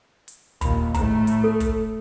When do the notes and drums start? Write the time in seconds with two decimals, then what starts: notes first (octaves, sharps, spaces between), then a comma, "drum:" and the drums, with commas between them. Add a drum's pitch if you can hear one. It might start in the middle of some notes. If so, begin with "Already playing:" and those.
0.28 drum: hi-hat
0.61 D#2 A#2 B5, drum: kick, hi-hat
0.94 A2 A3 A#5, drum: kick, hi-hat
1.27 drum: hi-hat
1.44 A4
1.60 drum: kick, hi-hat